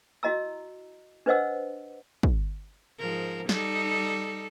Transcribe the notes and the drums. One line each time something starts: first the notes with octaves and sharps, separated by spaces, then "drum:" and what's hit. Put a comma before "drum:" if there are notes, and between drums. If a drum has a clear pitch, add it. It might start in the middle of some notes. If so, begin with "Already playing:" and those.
E4 F#4 D#5 A#5 E6
D4 B4 C5 D#5 F#5 E6
drum: kick
G#2 F3 A#4
G3 D#4 A4, drum: snare